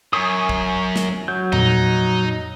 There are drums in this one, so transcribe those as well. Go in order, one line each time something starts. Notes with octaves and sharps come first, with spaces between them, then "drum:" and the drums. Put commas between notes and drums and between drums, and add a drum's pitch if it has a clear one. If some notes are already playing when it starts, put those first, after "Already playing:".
F#2 G#5 C#6 D#6
drum: kick
drum: snare
F#3 G6
F2 A#2 D#4, drum: tom E2